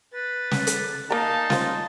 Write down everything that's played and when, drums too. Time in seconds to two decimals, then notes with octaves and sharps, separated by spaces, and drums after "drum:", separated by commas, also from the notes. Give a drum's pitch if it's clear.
0.14 B4 A6
0.51 drum: snare
0.67 drum: hi-hat
1.11 A#3 D#4 A#4 F5 G#5 A5
1.50 F4 C5 A6, drum: snare